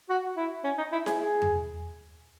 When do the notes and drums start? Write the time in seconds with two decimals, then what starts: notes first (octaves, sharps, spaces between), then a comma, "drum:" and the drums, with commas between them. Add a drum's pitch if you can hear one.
0.10 F#4
0.37 E4
0.64 C#4
0.78 D#4
0.92 E4
1.06 G#4, drum: snare E4
1.19 G#4
1.42 drum: tom E2